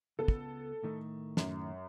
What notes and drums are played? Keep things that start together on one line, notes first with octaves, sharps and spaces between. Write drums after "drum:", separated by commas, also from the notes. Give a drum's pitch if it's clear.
C#2 B3 A4
drum: kick
A2 D#3 A3
F#2, drum: snare